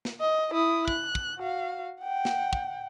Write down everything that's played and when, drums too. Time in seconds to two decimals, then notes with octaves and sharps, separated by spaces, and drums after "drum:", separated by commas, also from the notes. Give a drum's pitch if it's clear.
0.05 drum: snare
0.21 D#5
0.54 E4 D#6
0.88 F#6, drum: kick
1.15 drum: kick
1.38 F#4 F5
2.00 F#5 G5
2.25 drum: snare
2.53 drum: kick